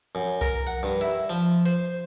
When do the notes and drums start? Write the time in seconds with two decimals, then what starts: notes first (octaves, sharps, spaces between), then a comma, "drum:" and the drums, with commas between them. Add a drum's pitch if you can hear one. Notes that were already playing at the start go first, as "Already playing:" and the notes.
0.15 F#2
0.41 A#4, drum: tom C2
0.67 F#5
0.83 G2
1.01 E4
1.30 F3
1.66 C5